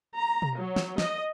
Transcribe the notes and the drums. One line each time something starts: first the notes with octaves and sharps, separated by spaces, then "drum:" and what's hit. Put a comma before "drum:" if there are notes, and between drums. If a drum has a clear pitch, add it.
A#5
drum: tom B2
F#3
drum: snare
D#5, drum: snare